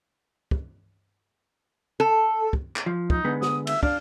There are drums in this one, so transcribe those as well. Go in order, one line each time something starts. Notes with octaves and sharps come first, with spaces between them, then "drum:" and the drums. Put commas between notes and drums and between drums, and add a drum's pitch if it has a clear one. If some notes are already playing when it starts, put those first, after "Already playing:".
drum: kick
A4
drum: kick
drum: clap
F3
D#4, drum: kick
D3 G#3 B3
D#6, drum: snare
E5, drum: cymbal
D4 F5, drum: kick